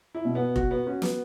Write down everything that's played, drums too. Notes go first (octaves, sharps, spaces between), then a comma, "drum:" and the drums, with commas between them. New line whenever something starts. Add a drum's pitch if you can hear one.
E4
B2
B3
F#4, drum: kick F1
B3
C#4 F#4
B3, drum: snare